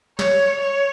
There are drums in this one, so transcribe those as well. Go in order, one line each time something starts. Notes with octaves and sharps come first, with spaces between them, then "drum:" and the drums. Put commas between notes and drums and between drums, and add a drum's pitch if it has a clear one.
C#5, drum: snare
C#5